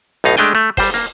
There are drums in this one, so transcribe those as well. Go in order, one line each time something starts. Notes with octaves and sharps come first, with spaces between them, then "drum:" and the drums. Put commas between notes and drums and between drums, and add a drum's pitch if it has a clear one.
B1 A2 D#4 F5
G#3 A3 D4 G5 G#5
A3
G3 C5, drum: kick, open hi-hat
A#3, drum: hi-hat